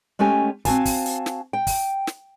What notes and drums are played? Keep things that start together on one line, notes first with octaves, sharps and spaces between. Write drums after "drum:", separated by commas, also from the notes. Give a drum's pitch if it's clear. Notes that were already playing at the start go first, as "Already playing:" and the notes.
G#3 A3 C#4 G4 G#5
C4 F#4 F5 G#5 A5, drum: kick, hi-hat
drum: kick, open hi-hat
drum: hi-hat
drum: snare
G5
drum: kick, open hi-hat
drum: snare